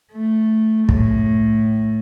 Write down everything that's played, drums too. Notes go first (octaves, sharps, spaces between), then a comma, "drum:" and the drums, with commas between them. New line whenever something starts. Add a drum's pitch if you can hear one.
A3
A2, drum: kick